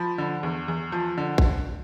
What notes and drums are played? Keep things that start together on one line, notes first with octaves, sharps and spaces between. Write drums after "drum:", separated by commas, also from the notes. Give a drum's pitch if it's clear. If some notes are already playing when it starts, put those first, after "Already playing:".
Already playing: F3 B5
D3
E2
E2
F3
D3
drum: kick A#1